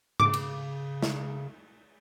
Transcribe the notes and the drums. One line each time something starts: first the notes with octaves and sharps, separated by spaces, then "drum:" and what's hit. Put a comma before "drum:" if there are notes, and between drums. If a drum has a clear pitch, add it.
C#3 D6, drum: tom G#2
drum: cymbal
drum: snare